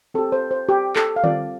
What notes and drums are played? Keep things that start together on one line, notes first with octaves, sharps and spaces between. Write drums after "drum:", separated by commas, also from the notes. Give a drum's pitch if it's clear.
C4 G4 A4
C5
C5
G4
A4, drum: clap
F5
G3 C4 F4 D5, drum: tom D3